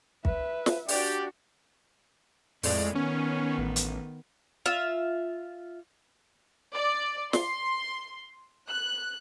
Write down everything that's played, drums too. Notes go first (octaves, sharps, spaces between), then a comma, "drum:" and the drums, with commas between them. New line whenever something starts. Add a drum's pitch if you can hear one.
B4 E5, drum: kick
drum: snare
D4 F#4 G4 D5, drum: open hi-hat
F2 A2 G#3 D5, drum: open hi-hat
D#3 B3 C#4
A1
drum: hi-hat
F4 E5
D5
C6, drum: snare
F#6